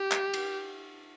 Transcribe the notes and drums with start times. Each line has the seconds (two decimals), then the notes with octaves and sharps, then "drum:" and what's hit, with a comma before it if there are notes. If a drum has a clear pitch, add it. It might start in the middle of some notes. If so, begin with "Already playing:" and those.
Already playing: G4
0.12 drum: clap
0.34 drum: cymbal